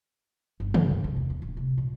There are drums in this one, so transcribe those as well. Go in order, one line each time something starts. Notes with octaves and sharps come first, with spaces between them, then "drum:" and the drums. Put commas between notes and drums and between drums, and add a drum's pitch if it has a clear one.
G1
G2, drum: tom
G2
C3
E2
B3
D1
C3
A#2